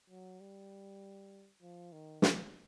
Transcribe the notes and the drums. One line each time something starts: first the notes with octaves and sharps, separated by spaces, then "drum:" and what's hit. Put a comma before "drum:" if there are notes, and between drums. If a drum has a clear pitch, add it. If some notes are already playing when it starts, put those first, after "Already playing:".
F#3
G3
F3
D#3
C#3, drum: snare